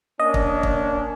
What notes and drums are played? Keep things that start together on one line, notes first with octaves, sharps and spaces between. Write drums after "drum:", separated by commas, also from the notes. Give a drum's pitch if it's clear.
A#3 C#4 D4 D#5
drum: kick
drum: kick